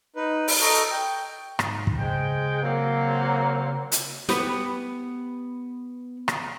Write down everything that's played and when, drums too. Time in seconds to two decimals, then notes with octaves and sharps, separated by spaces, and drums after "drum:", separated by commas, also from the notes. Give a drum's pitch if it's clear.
0.16 D#4 B4
0.48 drum: open hi-hat
0.61 A4 D#5 A#5 C#6
0.91 G5
1.59 G#2, drum: rim click
1.87 drum: kick
1.99 C#3 G#3 C5 G5
2.63 F#3 A#3 C4
3.92 drum: hi-hat
4.29 B3 G4 B4, drum: snare
6.28 drum: rim click